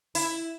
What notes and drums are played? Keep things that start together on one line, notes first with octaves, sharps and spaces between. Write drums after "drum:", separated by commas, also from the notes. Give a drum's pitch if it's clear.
E4, drum: open hi-hat